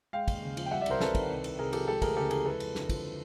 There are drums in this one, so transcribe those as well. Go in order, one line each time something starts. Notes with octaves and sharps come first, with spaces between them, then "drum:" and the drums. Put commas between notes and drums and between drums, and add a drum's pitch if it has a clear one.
G#3 F5 G5
D#2, drum: kick, cymbal
C#3
F3, drum: cymbal
G5
G3 E5 F#5
D5 E5
C2 A#4 C5, drum: cymbal
C3 A4 B4, drum: snare
D#3, drum: kick, cymbal
C2
C2, drum: cymbal
C3 G#4 A#4
F3 G4 A4, drum: cymbal
G#3 G4 A4
D2 G#4 A#4, drum: kick, cymbal
C#3 G4 A4
E3 G#4 A#4, drum: cymbal
G#3 A4 B4
F2, drum: cymbal
D3, drum: snare
F3, drum: kick, cymbal